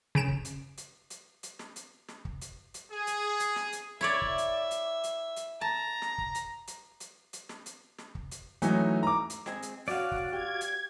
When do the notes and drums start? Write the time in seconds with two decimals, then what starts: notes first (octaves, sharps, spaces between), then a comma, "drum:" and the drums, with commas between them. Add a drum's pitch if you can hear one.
0.15 C#3 D7 E7
0.28 drum: kick
0.45 drum: hi-hat
0.77 drum: hi-hat
1.10 drum: hi-hat
1.43 drum: hi-hat
1.59 drum: snare
1.76 drum: hi-hat
2.09 drum: snare
2.25 drum: kick
2.41 drum: hi-hat
2.74 drum: hi-hat
2.91 G#4
3.07 drum: hi-hat
3.40 drum: hi-hat
3.56 drum: snare
3.72 drum: hi-hat
4.01 E4 C#5 D5 E5
4.22 drum: kick
4.38 drum: hi-hat
4.71 drum: hi-hat
5.04 drum: hi-hat
5.36 drum: hi-hat
5.61 A5 A#5
6.02 drum: snare
6.18 drum: kick
6.35 drum: hi-hat
6.67 drum: hi-hat
7.00 drum: hi-hat
7.33 drum: hi-hat
7.49 drum: snare
7.66 drum: hi-hat
7.99 drum: snare
8.15 drum: kick
8.31 drum: hi-hat
8.62 E3 F#3 A3 C#4 D#4, drum: hi-hat
9.03 A#5 D6
9.30 drum: hi-hat
9.46 G#3 C4 G#4, drum: snare
9.62 drum: hi-hat
9.88 C#4 F#4 D5 F5
10.12 drum: kick
10.33 G4 G#6
10.61 drum: hi-hat